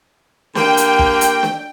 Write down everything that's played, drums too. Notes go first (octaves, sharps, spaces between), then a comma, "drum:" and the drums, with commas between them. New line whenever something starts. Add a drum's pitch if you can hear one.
D3 A#3 G4 G5, drum: snare
drum: hi-hat
drum: kick
drum: hi-hat
drum: snare